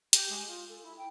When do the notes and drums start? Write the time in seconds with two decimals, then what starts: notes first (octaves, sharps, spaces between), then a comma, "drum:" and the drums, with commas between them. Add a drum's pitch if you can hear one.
0.13 G4, drum: hi-hat
0.29 G#3
0.47 F4
0.68 A4
0.83 E4
0.97 G5